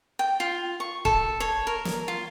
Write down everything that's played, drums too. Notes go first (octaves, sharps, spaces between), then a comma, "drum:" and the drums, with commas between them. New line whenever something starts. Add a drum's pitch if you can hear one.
G5
F4
C#6
A4, drum: kick
C#5
A#4
drum: snare
F4